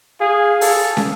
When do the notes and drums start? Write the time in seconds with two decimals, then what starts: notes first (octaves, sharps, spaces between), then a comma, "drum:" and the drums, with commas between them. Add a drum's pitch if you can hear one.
0.21 G#4 F5
0.61 A4, drum: open hi-hat
0.97 drum: snare